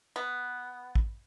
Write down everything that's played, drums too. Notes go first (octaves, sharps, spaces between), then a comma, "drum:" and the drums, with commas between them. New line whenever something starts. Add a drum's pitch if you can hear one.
B3
drum: kick